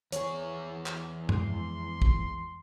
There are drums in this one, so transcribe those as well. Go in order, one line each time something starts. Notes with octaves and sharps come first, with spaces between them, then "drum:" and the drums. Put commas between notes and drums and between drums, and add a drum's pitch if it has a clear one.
E2 G#4 C#5, drum: hi-hat
drum: clap
F2 E3 G#3 C6, drum: tom
drum: kick